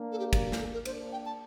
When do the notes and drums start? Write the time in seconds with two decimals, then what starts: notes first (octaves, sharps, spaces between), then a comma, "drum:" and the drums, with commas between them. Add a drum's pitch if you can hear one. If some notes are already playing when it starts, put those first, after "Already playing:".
Already playing: A#3 D4
0.12 A4
0.19 G4
0.33 G4, drum: kick, cymbal
0.46 G4
0.52 A#4, drum: snare
0.59 A4
0.73 A#4
0.85 A#3 D4 C5, drum: cymbal
1.12 G5
1.26 A5